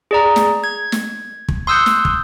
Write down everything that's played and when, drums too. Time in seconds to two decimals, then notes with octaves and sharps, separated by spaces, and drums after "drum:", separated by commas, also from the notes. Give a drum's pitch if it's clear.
0.11 G#4 D5 A#5
0.36 drum: snare
0.64 G#6
0.92 drum: snare
1.49 drum: kick
1.67 C6 D#6 E6 F#6 G6 C#7
1.86 drum: snare
2.05 drum: kick